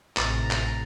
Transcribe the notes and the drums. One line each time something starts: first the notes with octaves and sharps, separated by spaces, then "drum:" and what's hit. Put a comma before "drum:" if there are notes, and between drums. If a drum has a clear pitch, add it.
A1 A2 C3 A#5 A6, drum: clap
drum: clap